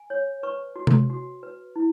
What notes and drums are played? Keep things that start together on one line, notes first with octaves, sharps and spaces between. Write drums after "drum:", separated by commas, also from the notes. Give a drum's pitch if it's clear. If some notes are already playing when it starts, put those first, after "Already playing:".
Already playing: G#5
C#5
B4 C#6
F#4
drum: tom C3
F#4
B4
E4